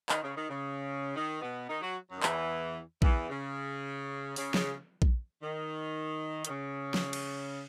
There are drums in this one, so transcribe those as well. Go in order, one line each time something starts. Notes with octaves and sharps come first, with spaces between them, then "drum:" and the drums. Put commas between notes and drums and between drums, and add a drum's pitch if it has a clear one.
D#3, drum: clap
C#3
D#3
C#3
D#3
B2 B3
D#3 D#4
F#3 F#4
F#2 F#3
D#3
E2 E3, drum: clap
E2 E3, drum: kick A#1
C#3
C#3, drum: open hi-hat
C#3, drum: snare
drum: kick A#1
D#3
D#3, drum: hi-hat
C#3
drum: snare
drum: cymbal